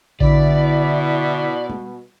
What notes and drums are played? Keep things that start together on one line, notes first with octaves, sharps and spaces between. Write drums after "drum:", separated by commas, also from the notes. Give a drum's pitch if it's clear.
B2 D3 E4 D5 D6 B6, drum: kick A#1
drum: tom G3